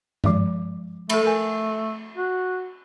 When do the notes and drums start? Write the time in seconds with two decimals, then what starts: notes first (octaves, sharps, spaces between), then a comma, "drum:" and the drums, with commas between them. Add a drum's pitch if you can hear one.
0.24 F3 G#3 D5, drum: tom G2
1.10 A3 A4 B5, drum: cymbal
1.23 A3 A4 A#4 G#5
2.16 F#4